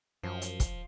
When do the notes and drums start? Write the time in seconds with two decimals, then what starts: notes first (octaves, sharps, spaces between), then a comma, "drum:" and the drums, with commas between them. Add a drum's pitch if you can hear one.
0.23 F#2 F3
0.42 drum: hi-hat
0.60 drum: kick, hi-hat